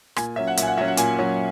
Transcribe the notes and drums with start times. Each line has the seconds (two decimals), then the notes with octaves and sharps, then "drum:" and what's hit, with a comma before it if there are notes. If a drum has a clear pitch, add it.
0.16 A#2 G#5, drum: rim click
0.36 F#3 C#4 E5
0.47 F#5
0.57 A#2 E5, drum: hi-hat
0.63 G#5
0.67 F#5
0.78 F#3 C#4 E5
0.88 F#5
0.97 A#2 G#5, drum: hi-hat
1.19 F#3 C#4